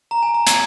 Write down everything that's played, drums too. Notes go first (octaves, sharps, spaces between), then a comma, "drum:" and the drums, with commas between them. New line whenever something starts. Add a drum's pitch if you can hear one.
A#5
G#5
A#5
G#6, drum: hi-hat